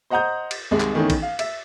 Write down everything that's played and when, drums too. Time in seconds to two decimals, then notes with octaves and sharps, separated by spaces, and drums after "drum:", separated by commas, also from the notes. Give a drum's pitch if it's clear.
0.10 C5 D#5 F#5 A#5 D#6 G6
0.51 drum: cymbal
0.71 C2 D#3 G#3
0.80 drum: clap
0.95 D#3 E3 A3 B3 C#4 D#4
1.10 drum: kick A1, cymbal
1.22 F5
1.39 E5, drum: cymbal